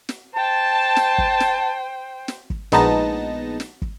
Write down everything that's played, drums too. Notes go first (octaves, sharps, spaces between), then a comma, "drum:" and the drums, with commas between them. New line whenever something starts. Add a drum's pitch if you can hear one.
drum: snare
C5 G5 A5
drum: snare
drum: kick
drum: snare
drum: snare
drum: kick
A#1 G#3 B3 D#4 A5 A#6, drum: snare
drum: snare
drum: kick